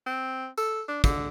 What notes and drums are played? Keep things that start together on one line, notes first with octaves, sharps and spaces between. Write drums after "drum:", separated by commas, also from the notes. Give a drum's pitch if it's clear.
C4
A4, drum: tambourine
D4
D3, drum: kick, tambourine